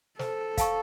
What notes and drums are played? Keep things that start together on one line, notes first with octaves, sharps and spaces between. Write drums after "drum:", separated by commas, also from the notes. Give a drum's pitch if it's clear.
A4 C5, drum: snare
F5 A5 C#6, drum: kick, hi-hat